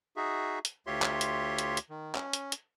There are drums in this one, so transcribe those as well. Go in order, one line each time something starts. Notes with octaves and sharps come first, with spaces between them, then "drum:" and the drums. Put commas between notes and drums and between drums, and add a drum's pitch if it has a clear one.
D#4 F#4 G#4 E5
drum: hi-hat
D2 F4 G4 C#5 E5 C6
drum: clap
drum: hi-hat
drum: hi-hat
drum: hi-hat
D#3
C#4, drum: clap
drum: hi-hat
drum: hi-hat